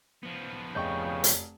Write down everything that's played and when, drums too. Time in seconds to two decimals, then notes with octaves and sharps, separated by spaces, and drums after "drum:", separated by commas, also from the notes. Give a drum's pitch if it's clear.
0.23 F3 B3
0.75 F1 C#3 D#5 G5 C#6 G6
1.24 drum: hi-hat